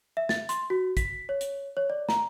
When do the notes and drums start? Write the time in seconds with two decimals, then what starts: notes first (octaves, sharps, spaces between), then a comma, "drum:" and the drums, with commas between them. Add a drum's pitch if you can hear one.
0.17 E5
0.29 A6, drum: snare
0.49 C6, drum: hi-hat
0.70 F#4
0.97 B6, drum: kick, hi-hat
1.29 C#5
1.41 drum: hi-hat
1.77 C#5
1.90 D5
2.09 A#5, drum: snare